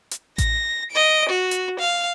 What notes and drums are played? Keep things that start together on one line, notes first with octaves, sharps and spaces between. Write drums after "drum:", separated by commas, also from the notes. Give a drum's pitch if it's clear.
drum: hi-hat
A#6, drum: kick A1, hi-hat
D#5 D7
F#4
drum: hi-hat
F5